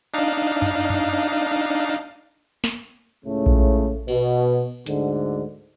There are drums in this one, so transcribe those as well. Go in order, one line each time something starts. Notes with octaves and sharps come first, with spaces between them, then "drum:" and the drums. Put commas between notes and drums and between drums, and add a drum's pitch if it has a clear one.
D4 D#4 F5
drum: tom F#2
drum: tom F#2
drum: snare
C#2 A2 C#3 A3
drum: kick A#1
B2, drum: cymbal
D2 G#2 D3, drum: hi-hat